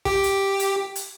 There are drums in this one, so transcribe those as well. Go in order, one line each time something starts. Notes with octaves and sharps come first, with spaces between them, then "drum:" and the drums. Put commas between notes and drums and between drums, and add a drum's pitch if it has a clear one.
G4, drum: kick
drum: hi-hat
drum: hi-hat
drum: hi-hat